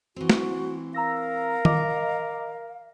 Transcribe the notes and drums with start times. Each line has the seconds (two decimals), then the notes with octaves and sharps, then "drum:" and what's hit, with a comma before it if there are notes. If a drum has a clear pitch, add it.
0.16 E3 C4 F#4
0.30 drum: snare
0.94 A#4 F5 A#5 E6 A#6
1.65 D#5 A#5 D6, drum: tom D#3